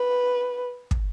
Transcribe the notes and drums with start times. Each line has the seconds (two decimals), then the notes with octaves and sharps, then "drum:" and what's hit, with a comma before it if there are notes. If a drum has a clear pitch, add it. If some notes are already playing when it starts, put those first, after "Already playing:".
Already playing: B4
0.91 drum: kick